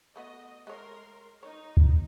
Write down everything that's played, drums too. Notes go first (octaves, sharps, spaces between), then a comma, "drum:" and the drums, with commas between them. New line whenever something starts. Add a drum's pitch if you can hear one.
A3 B3 F#4 D#5
G#3 A3 A#4 C#5 C6
D#4 C#5
drum: kick